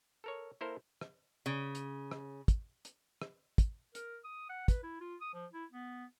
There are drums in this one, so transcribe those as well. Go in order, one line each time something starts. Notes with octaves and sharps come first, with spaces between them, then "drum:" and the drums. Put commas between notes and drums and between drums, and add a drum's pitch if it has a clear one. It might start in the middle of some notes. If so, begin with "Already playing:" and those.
A4 A#4 C#5
A#3 E4 A4 A#4 C5
drum: rim click
C#3
drum: hi-hat
drum: rim click
drum: kick, hi-hat
drum: hi-hat
drum: rim click
drum: kick, hi-hat
A#4, drum: hi-hat
D#6
F#5
B4, drum: kick, hi-hat
E4
F4
D#6
F3
E4
B3